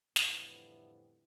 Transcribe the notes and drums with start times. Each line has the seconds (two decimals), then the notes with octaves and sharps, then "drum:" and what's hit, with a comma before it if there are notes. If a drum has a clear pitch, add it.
0.16 F2 A2 D3 E3 G3 B3, drum: snare